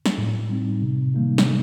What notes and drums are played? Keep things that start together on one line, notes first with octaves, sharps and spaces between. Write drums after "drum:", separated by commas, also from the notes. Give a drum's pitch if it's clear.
drum: snare
A2
G3 C4 D#4
C3
D#3 G3 A#3 D#4
drum: snare